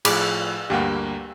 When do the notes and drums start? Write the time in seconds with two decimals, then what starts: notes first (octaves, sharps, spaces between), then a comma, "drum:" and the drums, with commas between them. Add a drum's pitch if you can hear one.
0.05 A2 F3 G#4 B5 D6, drum: cymbal
0.70 D2 G2 A#3 G4 F5 F#5